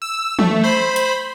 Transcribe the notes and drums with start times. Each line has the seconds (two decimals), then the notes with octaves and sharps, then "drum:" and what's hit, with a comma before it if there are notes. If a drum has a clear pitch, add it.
0.02 E6
0.39 A3, drum: tom
0.64 C5 B5
0.96 drum: hi-hat